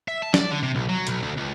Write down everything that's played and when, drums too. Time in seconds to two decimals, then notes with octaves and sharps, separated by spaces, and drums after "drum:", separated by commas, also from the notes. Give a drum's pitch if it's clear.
0.08 E5
0.22 A5
0.34 D5, drum: snare
0.51 D3
0.63 C3
0.75 B1
0.89 F#3
1.07 B1, drum: hi-hat
1.22 D2
1.37 C#2